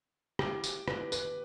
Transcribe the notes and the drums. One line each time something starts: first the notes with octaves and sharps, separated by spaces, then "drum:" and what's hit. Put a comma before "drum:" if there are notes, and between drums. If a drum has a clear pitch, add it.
G4, drum: rim click
drum: tambourine
B4, drum: rim click
B4, drum: tambourine